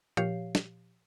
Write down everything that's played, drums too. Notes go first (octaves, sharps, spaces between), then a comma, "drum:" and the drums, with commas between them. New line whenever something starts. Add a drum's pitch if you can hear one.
A#2 F3 G4 C#5 F5 C7
drum: snare